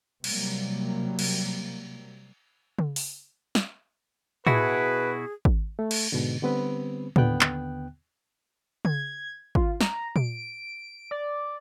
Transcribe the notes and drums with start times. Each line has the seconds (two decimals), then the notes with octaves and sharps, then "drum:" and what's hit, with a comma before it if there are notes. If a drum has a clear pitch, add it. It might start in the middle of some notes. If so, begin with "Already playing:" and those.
0.24 C3 F#3 G3 A#3, drum: cymbal
1.19 drum: cymbal
2.79 drum: tom C#3
2.96 drum: open hi-hat
3.55 drum: snare
4.47 B2 E4 F#4 G#4 B4, drum: tom A2
5.45 drum: kick G#1
5.79 A3
5.91 drum: cymbal
6.12 G#2 B2 D3
6.42 D3 G3 B3 C4 B4
7.16 D#2 D3 B3 G5 F#6, drum: tom A2
7.41 drum: clap
8.85 G#6, drum: tom C#3
9.55 F4, drum: kick G#1
9.81 A#5, drum: snare
10.16 D7, drum: tom A#2
11.11 D5